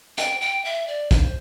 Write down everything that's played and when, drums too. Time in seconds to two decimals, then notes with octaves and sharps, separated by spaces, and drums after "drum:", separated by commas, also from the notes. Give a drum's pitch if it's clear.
0.18 G5, drum: hi-hat
0.41 G5
0.65 E5
0.88 D5
1.11 C5, drum: kick, hi-hat